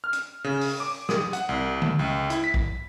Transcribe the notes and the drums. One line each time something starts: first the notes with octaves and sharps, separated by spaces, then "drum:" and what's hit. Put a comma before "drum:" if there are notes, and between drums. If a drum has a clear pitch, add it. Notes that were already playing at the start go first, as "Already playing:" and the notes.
F6
drum: hi-hat
C#3
drum: open hi-hat
D6
D#6, drum: snare
F#5, drum: hi-hat
C2
drum: tom
C#2
E4, drum: hi-hat
B6
drum: kick